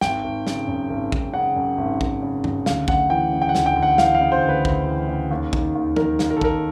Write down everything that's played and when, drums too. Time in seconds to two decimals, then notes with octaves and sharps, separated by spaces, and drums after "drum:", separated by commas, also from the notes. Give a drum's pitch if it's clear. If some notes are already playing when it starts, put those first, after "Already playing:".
0.01 G#1 G5, drum: snare
0.24 G#1
0.47 C#3, drum: snare
0.68 F#2
0.90 G#1
1.12 G#1, drum: kick
1.34 C#3 F#5
1.56 F#2
1.78 G#1
2.01 G#1, drum: kick
2.22 C#3
2.44 F#2, drum: tom G2
2.66 D2 F5, drum: snare
2.88 D2 F#5, drum: kick
3.10 E3 G5
3.33 C#3
3.42 G5
3.49 F#5
3.55 D2, drum: snare
3.66 G5
3.76 D2
3.82 F#5
3.98 E3 F5, drum: snare
4.15 F5
4.20 C#3
4.32 C5
4.42 D2
4.49 B4
4.65 D2, drum: kick
4.87 E3
5.09 C#3
5.31 D#2
5.53 D#3, drum: kick
5.75 D#2
5.96 D#3 A#4, drum: tom
6.19 D#2, drum: snare
6.31 A#4
6.37 A4
6.41 D#3 A#4, drum: kick